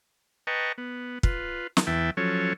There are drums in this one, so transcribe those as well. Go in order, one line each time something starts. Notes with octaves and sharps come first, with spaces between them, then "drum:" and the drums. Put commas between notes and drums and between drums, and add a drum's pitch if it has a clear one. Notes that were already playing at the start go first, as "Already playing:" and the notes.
B4 D#5 G5 A5 A#5 C#6
B3
F4 B4, drum: kick
drum: snare
E2 E3 E5 G5 A5
F3 F#3 C#4 A4 C#5